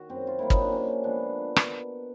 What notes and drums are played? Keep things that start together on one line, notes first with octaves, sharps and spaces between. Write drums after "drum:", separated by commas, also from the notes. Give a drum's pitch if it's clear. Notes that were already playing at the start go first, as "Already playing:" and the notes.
Already playing: D#3 F#4
F#2 C4
F4
D#3 F#3 A#3 E4
D#4, drum: kick
D4
C3 C#4
F3 G#3 B3 D4
drum: rim click